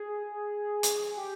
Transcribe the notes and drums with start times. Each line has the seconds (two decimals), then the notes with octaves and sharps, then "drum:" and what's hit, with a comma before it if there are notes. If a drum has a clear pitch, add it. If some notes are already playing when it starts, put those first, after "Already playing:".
Already playing: G#4
0.83 drum: hi-hat
1.16 G4